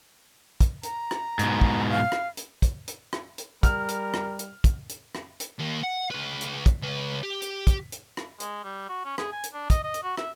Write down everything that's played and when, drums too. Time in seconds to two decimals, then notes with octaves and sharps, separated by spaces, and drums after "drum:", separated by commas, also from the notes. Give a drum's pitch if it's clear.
0.61 drum: kick, hi-hat
0.83 A#5, drum: hi-hat
1.11 drum: rim click
1.39 G#2 B2, drum: hi-hat
1.61 drum: kick
1.91 F5
2.12 drum: rim click
2.37 drum: hi-hat
2.62 drum: kick, hi-hat
2.88 drum: hi-hat
3.13 drum: rim click
3.38 drum: hi-hat
3.63 G3 A#4 F6, drum: kick, hi-hat
3.88 drum: hi-hat
4.14 drum: rim click
4.39 drum: hi-hat
4.64 drum: kick, hi-hat
4.89 drum: hi-hat
5.15 drum: rim click
5.40 drum: hi-hat
5.59 D#2 A#3
5.83 F#5
6.11 C#2 B4
6.41 drum: hi-hat
6.66 drum: kick, hi-hat
6.82 C#2 B4
7.23 G4
7.42 drum: hi-hat
7.67 drum: kick, hi-hat
7.92 drum: hi-hat
8.17 drum: rim click
8.40 G#3, drum: hi-hat
8.64 G3
8.89 F#4
9.05 C#4
9.18 G#4, drum: rim click
9.32 G#5
9.43 drum: hi-hat
9.53 D4
9.70 D#5, drum: kick, hi-hat
9.83 D#5
9.94 drum: hi-hat
10.03 F#4
10.17 E5, drum: rim click